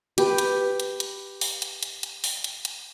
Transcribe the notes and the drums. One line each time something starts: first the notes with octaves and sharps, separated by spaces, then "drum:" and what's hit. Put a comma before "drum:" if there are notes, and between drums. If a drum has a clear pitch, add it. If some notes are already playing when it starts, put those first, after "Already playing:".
G4 B4, drum: hi-hat
drum: hi-hat
drum: hi-hat
drum: hi-hat
drum: open hi-hat
drum: hi-hat
drum: hi-hat
drum: hi-hat
drum: open hi-hat
drum: hi-hat
drum: hi-hat